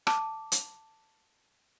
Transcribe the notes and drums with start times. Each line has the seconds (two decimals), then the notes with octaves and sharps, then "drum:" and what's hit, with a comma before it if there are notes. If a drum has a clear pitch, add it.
0.07 A5 D6, drum: rim click
0.52 drum: hi-hat